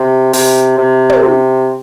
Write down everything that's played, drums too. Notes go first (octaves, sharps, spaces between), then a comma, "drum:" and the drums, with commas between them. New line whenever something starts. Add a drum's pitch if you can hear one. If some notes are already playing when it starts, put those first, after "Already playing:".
Already playing: C3
C3, drum: open hi-hat
C3
drum: tom
C3